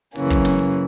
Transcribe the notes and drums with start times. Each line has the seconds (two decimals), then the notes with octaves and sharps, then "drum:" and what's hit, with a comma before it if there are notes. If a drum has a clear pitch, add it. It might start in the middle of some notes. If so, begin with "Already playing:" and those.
0.16 F#2 C#3 E3 A#3 C#4, drum: hi-hat
0.30 drum: kick, hi-hat
0.45 drum: snare
0.59 drum: hi-hat